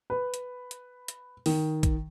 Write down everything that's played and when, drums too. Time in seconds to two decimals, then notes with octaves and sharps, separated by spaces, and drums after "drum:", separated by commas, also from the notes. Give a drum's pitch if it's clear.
0.10 B4
0.34 drum: hi-hat
0.71 drum: hi-hat
1.08 drum: hi-hat
1.46 D#3, drum: open hi-hat
1.83 drum: kick, hi-hat